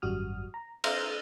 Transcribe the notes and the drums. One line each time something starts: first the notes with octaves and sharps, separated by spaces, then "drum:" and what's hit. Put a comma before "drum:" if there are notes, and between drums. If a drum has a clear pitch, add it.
G#1 F#2 G3 F#4 D#6 F6
A#5
E5 F5 A#5 C6 G6 A#6, drum: cymbal